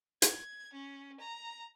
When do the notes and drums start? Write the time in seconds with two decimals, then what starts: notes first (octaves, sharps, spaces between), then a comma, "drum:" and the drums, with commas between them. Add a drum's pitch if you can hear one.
0.22 G#6, drum: hi-hat
0.73 C#4
1.20 A#5